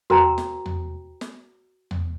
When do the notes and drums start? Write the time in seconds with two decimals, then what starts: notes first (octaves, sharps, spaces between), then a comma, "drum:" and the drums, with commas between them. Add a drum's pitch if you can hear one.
0.10 F#4 A#4 C5 G5 A5 A#5, drum: tom E2
0.38 drum: snare
0.66 drum: tom E2
1.21 drum: snare
1.91 drum: tom E2